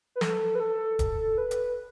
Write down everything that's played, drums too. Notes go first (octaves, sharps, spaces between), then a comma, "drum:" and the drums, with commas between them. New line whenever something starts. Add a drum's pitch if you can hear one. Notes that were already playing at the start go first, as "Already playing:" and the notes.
B4
A4, drum: snare
B4
A4
A4, drum: kick, hi-hat
B4
drum: hi-hat